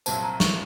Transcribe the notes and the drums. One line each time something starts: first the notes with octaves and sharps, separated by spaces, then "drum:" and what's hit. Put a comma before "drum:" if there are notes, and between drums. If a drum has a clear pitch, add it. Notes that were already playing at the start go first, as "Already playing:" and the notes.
C2 A#2 F#3 C4 A5, drum: tambourine
A#5
C#6, drum: snare